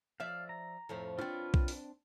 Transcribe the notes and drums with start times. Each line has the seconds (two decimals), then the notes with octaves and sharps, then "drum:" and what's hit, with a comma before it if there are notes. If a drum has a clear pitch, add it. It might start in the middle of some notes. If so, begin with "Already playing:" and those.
0.20 F3 D5 E5 F5
0.49 A#5
0.89 F2 A2 F3
1.19 C4 D4 F4 B4 C#5
1.54 drum: kick B1
1.68 drum: open hi-hat